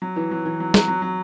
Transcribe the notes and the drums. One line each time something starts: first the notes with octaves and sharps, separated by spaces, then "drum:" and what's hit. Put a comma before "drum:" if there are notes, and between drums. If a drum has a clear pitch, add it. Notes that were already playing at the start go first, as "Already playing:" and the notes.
F#3
E3
F#3
E3
F#3
F#3, drum: snare
F#3
F#3